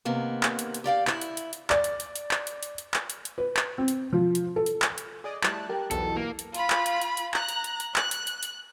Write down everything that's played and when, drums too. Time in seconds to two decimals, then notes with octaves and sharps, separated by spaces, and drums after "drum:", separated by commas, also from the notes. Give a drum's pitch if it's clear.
0.05 C3 D#3 A#3 B3
0.43 drum: clap
0.59 drum: hi-hat
0.74 drum: hi-hat
0.84 G4 D5 F5 G5
1.07 E4, drum: clap
1.21 drum: hi-hat
1.37 drum: hi-hat
1.53 drum: hi-hat
1.70 D5, drum: clap
1.84 drum: hi-hat
2.00 drum: hi-hat
2.16 drum: hi-hat
2.31 drum: clap
2.47 drum: hi-hat
2.63 drum: hi-hat
2.78 drum: hi-hat
2.94 drum: clap
3.10 drum: hi-hat
3.25 drum: hi-hat
3.38 B4
3.57 drum: clap
3.78 C4
3.88 drum: hi-hat
4.13 F3
4.35 drum: hi-hat
4.56 A4
4.66 drum: hi-hat
4.82 drum: clap
4.98 drum: hi-hat
5.24 G#4 D5 D#5
5.43 G3 A3 E4 A5 F#6, drum: clap
5.69 G4 A#4
5.91 B1 E2 B2 A4, drum: hi-hat
6.16 A#3
6.39 drum: hi-hat
6.54 F4 B5, drum: hi-hat
6.70 drum: clap
6.86 drum: hi-hat
7.02 drum: hi-hat
7.17 drum: hi-hat
7.34 A#5 F#6, drum: clap
7.49 drum: hi-hat
7.64 drum: hi-hat
7.80 drum: hi-hat
7.96 F#6, drum: clap
8.11 drum: hi-hat
8.27 drum: hi-hat
8.43 drum: hi-hat